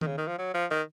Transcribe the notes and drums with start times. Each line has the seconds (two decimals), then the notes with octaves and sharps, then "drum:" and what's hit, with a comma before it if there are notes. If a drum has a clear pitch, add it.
0.01 D#3, drum: tom D#3
0.07 C#3
0.17 D#3
0.28 F3
0.38 F#3
0.54 F3
0.71 D#3